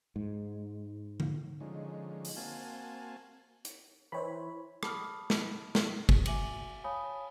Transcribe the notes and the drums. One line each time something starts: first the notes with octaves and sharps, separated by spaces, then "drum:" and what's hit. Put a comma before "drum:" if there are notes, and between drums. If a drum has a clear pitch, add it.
G#2
drum: tom D3
D3 F3 G#3 C#4 D#4
drum: open hi-hat
A#3 C4 F#4 F5 G#5 A5
drum: hi-hat
E3 C5 C#5 B5
A5 B5 D6 D#6 F6, drum: rim click
drum: snare
drum: snare
drum: kick
F#4 E5 G#5 D6 D#7 F#7, drum: cymbal
C#5 F5 G#5 A5 B5 D#6